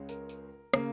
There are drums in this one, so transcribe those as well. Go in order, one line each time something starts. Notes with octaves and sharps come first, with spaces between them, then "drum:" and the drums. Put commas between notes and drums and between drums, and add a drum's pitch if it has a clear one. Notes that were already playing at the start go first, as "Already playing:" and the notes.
Already playing: C#2 C#3 G#3 C#4
A#4, drum: tambourine
drum: tambourine
C#3 A#3, drum: rim click